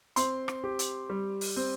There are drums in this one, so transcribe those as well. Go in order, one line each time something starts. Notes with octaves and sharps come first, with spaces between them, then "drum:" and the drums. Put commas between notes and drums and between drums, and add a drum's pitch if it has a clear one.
C4 C6, drum: hi-hat
drum: rim click
G4
drum: hi-hat
G3
drum: open hi-hat
C4